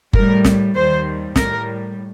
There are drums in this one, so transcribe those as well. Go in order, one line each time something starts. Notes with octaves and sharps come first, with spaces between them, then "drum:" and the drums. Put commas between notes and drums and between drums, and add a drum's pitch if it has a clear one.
A2 G3 A#4, drum: kick F#1
drum: snare
D#2 D#3 G3 C5
A2 G3 A#4, drum: snare